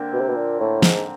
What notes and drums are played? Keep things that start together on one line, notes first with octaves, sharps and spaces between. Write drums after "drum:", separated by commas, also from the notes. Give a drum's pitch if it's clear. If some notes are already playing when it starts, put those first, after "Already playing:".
Already playing: D3 A#3 C4
B2
C3
B2
A#2
A2
G#2, drum: snare